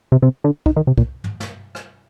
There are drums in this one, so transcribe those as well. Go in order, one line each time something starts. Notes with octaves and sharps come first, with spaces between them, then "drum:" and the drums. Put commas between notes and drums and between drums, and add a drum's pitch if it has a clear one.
C3
C3
D3
D#3, drum: kick
D#3
C3
A#2, drum: kick
drum: tom
drum: snare
drum: rim click